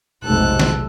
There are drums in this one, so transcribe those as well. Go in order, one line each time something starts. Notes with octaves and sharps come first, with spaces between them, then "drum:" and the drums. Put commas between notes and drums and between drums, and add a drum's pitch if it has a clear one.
F1 B1 G#2 A4 F#6
drum: snare